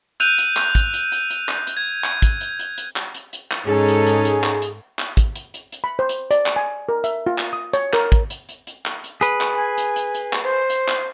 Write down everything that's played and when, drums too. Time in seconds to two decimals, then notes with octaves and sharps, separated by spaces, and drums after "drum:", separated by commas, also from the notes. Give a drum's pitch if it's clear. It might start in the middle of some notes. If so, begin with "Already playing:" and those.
0.20 E6 F#6 G6 D#7 F7, drum: hi-hat
0.38 drum: hi-hat
0.57 drum: clap
0.75 drum: kick, hi-hat
0.93 drum: hi-hat
1.12 drum: hi-hat
1.30 drum: hi-hat
1.49 drum: clap
1.67 drum: hi-hat
1.77 G#6
2.04 drum: clap
2.22 drum: kick, hi-hat
2.41 drum: hi-hat
2.59 drum: hi-hat
2.78 drum: hi-hat
2.96 drum: clap
3.15 drum: hi-hat
3.33 drum: hi-hat
3.51 drum: clap
3.66 G#2 C#4 D#4 G#4 A4
3.88 drum: hi-hat
4.07 drum: hi-hat
4.25 drum: hi-hat
4.43 drum: clap
4.62 drum: hi-hat
4.99 drum: clap
5.17 drum: kick, hi-hat
5.36 drum: hi-hat
5.54 drum: hi-hat
5.72 drum: hi-hat
5.84 B5
5.99 C5
6.09 drum: hi-hat
6.31 D5, drum: hi-hat
6.46 drum: clap
6.56 G#5
6.89 A#4
7.04 E5, drum: hi-hat
7.27 F4
7.38 drum: clap
7.53 D#6
7.73 C#5, drum: hi-hat
7.93 A#4, drum: clap
8.12 drum: kick, hi-hat
8.30 drum: hi-hat
8.49 drum: hi-hat
8.67 drum: hi-hat
8.86 drum: clap
9.04 drum: hi-hat
9.21 G#4 B4, drum: hi-hat
9.41 drum: clap
9.55 G#5
9.78 drum: hi-hat
9.96 drum: hi-hat
10.14 drum: hi-hat
10.33 drum: clap
10.43 C5
10.70 drum: hi-hat
10.88 drum: clap